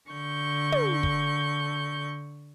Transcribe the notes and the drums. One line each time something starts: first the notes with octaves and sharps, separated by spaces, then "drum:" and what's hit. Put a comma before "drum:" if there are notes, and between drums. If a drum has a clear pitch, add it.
D3 C#6 G6
drum: tom
drum: kick